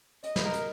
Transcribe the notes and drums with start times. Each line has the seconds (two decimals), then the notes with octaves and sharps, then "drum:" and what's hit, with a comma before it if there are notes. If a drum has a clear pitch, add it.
0.24 D#5, drum: hi-hat
0.36 B4, drum: snare
0.44 A#4
0.53 drum: hi-hat